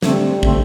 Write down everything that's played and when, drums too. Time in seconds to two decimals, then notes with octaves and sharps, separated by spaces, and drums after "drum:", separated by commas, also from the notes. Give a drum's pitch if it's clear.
0.02 D3 G3 A3 C4, drum: snare
0.43 D3 A3 C4, drum: kick